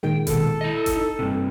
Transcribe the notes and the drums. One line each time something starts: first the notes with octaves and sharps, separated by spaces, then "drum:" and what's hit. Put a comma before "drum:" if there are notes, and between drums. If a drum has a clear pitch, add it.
A#2 D#3 G#3 G5
B2 A4, drum: kick F#1, hi-hat
E4 D#5
drum: kick F#1, hi-hat
D#4
G2 C3